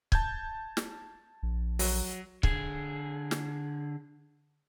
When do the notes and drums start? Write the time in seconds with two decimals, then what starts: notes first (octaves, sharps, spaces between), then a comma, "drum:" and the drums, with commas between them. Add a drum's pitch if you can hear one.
0.12 A5 G6 G#6, drum: kick C#1
0.77 drum: snare
1.43 A#1
1.79 F#3, drum: open hi-hat
2.43 D3 G#4, drum: kick C#1
3.31 drum: snare